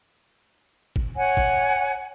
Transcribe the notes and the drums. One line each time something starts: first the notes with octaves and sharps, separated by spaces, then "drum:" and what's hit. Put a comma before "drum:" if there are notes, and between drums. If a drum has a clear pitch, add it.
drum: kick
C#5 F#5 G#5
drum: kick